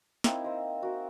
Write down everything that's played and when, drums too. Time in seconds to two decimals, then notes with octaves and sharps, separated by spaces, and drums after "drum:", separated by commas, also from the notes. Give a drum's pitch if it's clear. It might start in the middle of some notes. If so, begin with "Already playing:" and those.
0.24 A#3 C4 D#4 E4, drum: snare
0.44 C5 D#5
0.82 F#4 A#4